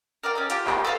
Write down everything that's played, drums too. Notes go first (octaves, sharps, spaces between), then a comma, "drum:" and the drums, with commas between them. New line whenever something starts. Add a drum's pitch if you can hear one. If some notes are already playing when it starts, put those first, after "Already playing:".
A#4 D5 F5 G5
C#4 D#4 A4
F4 G4, drum: hi-hat
G4, drum: clap
A4 B4 D#5 F5